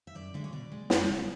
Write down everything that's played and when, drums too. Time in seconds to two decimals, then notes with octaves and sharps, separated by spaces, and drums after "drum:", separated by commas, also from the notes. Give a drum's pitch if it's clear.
0.07 E5
0.15 F#2 D5
0.34 D3 G#3 E5
0.44 C#5
0.52 B2 D5
0.72 G#3
0.90 F#2, drum: snare
1.09 C#3 F#3 A3